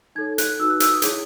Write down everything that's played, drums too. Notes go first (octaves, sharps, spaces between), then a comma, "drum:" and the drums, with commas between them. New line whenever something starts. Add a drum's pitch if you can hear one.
D#4 A4 C#5 G#6
F#6, drum: hi-hat
D#4 F#4 B4 E6
F#6
E6, drum: hi-hat
D#6
E4 G#4 C#5, drum: hi-hat